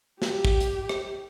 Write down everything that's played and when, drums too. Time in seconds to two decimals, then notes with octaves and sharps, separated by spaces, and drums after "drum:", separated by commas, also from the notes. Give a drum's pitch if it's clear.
0.22 G4, drum: snare
0.45 drum: kick
0.60 drum: hi-hat
0.89 drum: rim click